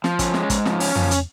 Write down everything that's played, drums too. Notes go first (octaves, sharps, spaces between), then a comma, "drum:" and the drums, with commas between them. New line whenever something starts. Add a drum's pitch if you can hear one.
F3, drum: snare
C#4, drum: kick, hi-hat
G#3, drum: snare
G#2, drum: kick, hi-hat
F3, drum: snare
C#4, drum: open hi-hat
F3, drum: tom
drum: hi-hat